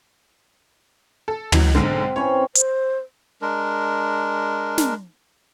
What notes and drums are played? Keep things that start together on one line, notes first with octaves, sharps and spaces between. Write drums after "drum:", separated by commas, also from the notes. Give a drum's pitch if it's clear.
A4
C#2 E3 F#3, drum: tom
B1 G#2 D3 C4
E3 C4 C#4 C#5
C5, drum: hi-hat
G#3 D4 A#4
drum: snare